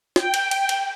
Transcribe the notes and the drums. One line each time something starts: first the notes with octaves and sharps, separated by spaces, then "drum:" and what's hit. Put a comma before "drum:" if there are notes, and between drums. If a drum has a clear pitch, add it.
G5, drum: snare
drum: cymbal
drum: cymbal
drum: cymbal